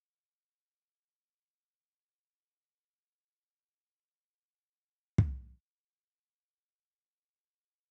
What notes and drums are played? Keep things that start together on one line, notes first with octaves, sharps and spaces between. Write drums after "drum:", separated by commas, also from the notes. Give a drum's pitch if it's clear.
F4
B2
C#3
E4
D4
A#4 E5 F5
G#5
drum: kick
F3 A#3 E4 F#4 A#4 B4